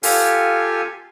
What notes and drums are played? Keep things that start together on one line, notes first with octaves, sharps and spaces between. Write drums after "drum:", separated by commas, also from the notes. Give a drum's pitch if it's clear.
F4 G4 A4 F5 G#5, drum: open hi-hat